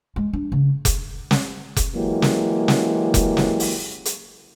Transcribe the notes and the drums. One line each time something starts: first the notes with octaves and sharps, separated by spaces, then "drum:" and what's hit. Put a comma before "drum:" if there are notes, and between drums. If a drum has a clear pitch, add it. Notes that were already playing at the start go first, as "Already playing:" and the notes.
G#3
D4
C#3
drum: kick F1, hi-hat
drum: snare
drum: kick F1, hi-hat
E3 F#3 G#3 A#3 G4
drum: snare
drum: snare
drum: kick F1, hi-hat
drum: snare
drum: open hi-hat
drum: hi-hat